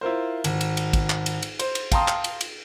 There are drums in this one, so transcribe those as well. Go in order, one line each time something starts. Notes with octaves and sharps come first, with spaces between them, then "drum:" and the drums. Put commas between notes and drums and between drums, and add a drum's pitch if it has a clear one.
E4 F4 A#4 C5
G#1, drum: cymbal
drum: cymbal
drum: cymbal
drum: kick, cymbal
drum: clap
drum: cymbal
drum: cymbal
C5, drum: cymbal
drum: cymbal
F5 G5 A5 A#5 C6 D#6, drum: kick, cymbal
drum: clap
drum: cymbal
drum: cymbal